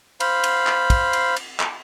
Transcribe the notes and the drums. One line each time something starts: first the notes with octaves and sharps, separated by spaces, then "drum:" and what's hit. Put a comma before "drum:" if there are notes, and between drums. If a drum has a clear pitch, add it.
C5 F5 B5, drum: cymbal
drum: cymbal
drum: clap
drum: kick, cymbal
drum: cymbal
drum: cymbal
drum: clap